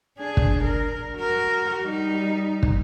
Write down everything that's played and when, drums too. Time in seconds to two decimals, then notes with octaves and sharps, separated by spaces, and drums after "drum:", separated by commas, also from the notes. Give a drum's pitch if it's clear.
0.18 D4 G#4
0.37 drum: kick
0.63 A#4
1.16 F#4 A#4
1.84 G3 D#4
2.63 drum: kick